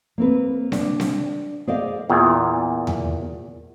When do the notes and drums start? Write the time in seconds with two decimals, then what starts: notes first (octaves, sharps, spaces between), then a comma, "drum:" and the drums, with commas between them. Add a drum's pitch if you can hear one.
0.18 A#3 C4 B4
0.72 D4, drum: snare C4
1.00 drum: snare C4
1.67 G#4 C5 D5 D#5 F5
2.10 E2 A#2
2.87 drum: tom E2